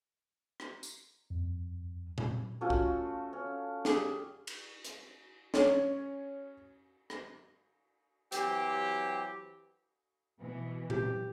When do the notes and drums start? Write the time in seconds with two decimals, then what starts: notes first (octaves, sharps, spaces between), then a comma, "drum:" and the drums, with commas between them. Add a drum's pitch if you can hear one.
0.60 drum: rim click
0.83 drum: tambourine
1.30 F2
2.18 drum: tom A#2
2.61 A3 C#4 F4 F#4
2.70 drum: kick
3.33 C#4
3.85 G4 G#4, drum: snare
4.47 drum: cymbal
4.84 drum: hi-hat
5.54 C#4 C#5, drum: snare
7.10 drum: rim click
8.32 E3 F#3 C4 G4, drum: hi-hat
10.40 B2 E3
10.90 G4, drum: tom A#2